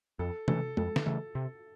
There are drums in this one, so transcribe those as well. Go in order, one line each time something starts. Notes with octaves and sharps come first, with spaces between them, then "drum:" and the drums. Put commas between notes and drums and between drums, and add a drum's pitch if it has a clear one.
F2 A4
C#3 E3 A3 A4, drum: tom C3
F2 A4, drum: tom
drum: snare
C#3 E3 A3
C3